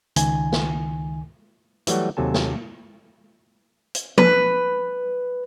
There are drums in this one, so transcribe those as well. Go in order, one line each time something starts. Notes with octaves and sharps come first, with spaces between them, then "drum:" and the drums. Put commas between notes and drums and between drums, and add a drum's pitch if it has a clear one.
C#2 D#3 G#5, drum: hi-hat
drum: snare
E3 F#3 G3 A3 F#4, drum: hi-hat
D#2 C3 F#3 A4 G#5 A5
drum: snare
drum: hi-hat
B4, drum: tom F3